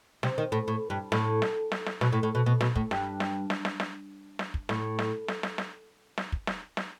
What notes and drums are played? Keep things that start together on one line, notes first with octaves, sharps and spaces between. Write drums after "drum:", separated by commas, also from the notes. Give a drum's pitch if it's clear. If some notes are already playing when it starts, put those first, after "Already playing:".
C3, drum: snare
D#3
A2
A2
G2
A2, drum: snare
drum: snare
drum: snare
drum: snare
B2, drum: snare
A2
A2
B2
B2
B2, drum: snare
A2, drum: kick
G2, drum: snare
drum: snare
drum: snare
drum: snare
drum: snare
drum: snare
drum: kick
A2, drum: snare
drum: snare
drum: snare
drum: snare
drum: snare
drum: snare
drum: kick
drum: snare
drum: snare